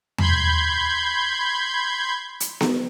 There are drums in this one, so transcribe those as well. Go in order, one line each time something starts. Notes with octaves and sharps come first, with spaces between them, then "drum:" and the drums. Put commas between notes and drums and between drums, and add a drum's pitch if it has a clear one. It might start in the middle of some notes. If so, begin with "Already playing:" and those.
B5 C6 G6 G#6, drum: tom E2
drum: hi-hat
drum: snare B3